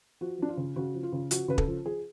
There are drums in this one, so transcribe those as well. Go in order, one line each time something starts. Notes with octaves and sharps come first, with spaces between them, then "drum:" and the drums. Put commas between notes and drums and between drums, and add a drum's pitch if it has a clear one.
F3 F#4
F3 D4
F4
C#3
C#3 F#4
F3
F4
C#3
F3 F#4, drum: hi-hat
C#3 B4
A4, drum: kick
F3
F3 G#4